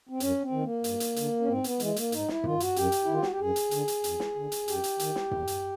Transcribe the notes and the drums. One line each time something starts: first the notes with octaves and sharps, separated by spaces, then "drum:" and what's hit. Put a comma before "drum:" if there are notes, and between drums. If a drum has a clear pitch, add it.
C4
F#2 C#4, drum: hi-hat
C4
D#3
A#3
G2, drum: hi-hat
drum: hi-hat
D3, drum: hi-hat
C#4
G#2 C4
B3, drum: hi-hat
E3 G#3, drum: hi-hat
A#3, drum: hi-hat
G#2 D#4, drum: hi-hat
E4, drum: snare
D#3 F4, drum: tom
F#4, drum: hi-hat
F#2 G4, drum: hi-hat
drum: hi-hat
D#3 E4
F4
F#4, drum: snare
G4
F#2 G#4
drum: hi-hat
D3, drum: hi-hat
drum: hi-hat
F2, drum: hi-hat
drum: snare
D3
drum: hi-hat
F#2 G4, drum: hi-hat
drum: hi-hat
D#3, drum: hi-hat
drum: snare
E2, drum: tom
drum: hi-hat